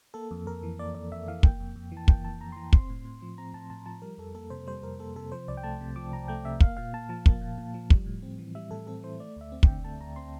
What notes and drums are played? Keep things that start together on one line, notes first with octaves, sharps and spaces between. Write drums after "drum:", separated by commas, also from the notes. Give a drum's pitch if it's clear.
A#3 A4
F2
F2 A#4
E3
A#3 D5
F2 D5
F2 E5
E3 F5
A#3 G5, drum: kick
F2
F2
E3
A5
A#3 G5, drum: kick
F2 A5
F2 A#5
C6
E3 A#5
C4 C6, drum: kick
A2
A2
F3
C4 A#5
A2 A5
A2 A5
F3 A5
G3 A#4
F2 A4
A#3 A4
C3 C5
G3 C5
F2 A#4
A#3 A4
C3 A4
F3 C5
C2 D5
G5
A3 A5
C3
F3 D6
C2 A#5
A3 G5
C3 E5
A#3 F5, drum: kick
A#2 F5
A#2 A5
F3 A5
A#3, drum: kick
A#2
A#2
F3
G3, drum: kick
A2
C4
E3
G3 E5
A2 A4
C4 A4
E3 C5
A3 D5
D2 E5
C4
G5, drum: kick
D3
A3 A5
D2 A#5
C4 C6